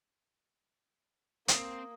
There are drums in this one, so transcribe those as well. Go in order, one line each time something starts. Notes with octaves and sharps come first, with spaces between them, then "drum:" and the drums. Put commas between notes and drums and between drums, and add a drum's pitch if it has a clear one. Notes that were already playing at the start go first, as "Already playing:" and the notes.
A#3 C4 D#6, drum: hi-hat